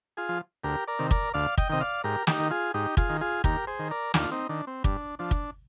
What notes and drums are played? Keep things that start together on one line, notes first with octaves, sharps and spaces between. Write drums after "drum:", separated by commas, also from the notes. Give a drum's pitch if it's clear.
F4 G#4
F3
D2 G4 A#4
A#4 D5
C3 D#3
A#4 D5, drum: kick
D2 D5 F5
D#5 G5, drum: kick
C3 D#3 D#5
D5 F5
G#2 G4 A#4
D#4 G4, drum: snare
D#3
F4 G#4
G#2 D#4 G4
F4 G#4, drum: kick
D#3
F4 G#4
D#2 G4 A#4, drum: kick
G#4 C5
D#3
A#4 D5
D#2 D4 F4, drum: snare
C4 D#4
D#3 D4
C4
G2 D4, drum: kick
F3 D4
drum: kick